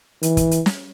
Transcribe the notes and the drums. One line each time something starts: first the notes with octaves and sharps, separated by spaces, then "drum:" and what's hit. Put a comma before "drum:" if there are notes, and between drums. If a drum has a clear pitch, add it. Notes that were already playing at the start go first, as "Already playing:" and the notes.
E3, drum: hi-hat
drum: kick, hi-hat
drum: hi-hat
drum: snare